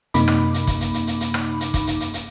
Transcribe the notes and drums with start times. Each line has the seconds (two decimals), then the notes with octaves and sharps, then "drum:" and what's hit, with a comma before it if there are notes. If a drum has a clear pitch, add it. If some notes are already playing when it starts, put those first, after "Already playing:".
0.14 F#2 C3 A#3 D#4 B5 D6, drum: hi-hat
0.28 drum: rim click
0.54 drum: hi-hat
0.67 drum: kick, hi-hat
0.81 drum: hi-hat
0.94 drum: hi-hat
1.07 drum: hi-hat
1.21 drum: hi-hat
1.34 drum: rim click
1.61 drum: hi-hat
1.74 drum: kick, hi-hat
1.87 drum: hi-hat
2.00 drum: hi-hat
2.14 drum: hi-hat